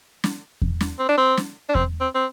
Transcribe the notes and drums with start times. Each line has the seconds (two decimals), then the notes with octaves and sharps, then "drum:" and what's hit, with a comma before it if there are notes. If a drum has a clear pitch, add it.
0.24 drum: snare
0.62 drum: kick E2
0.81 drum: snare
0.99 C4
1.09 D4
1.18 C4
1.37 drum: snare
1.69 D4
1.75 C4, drum: kick E2
2.01 C4
2.15 C4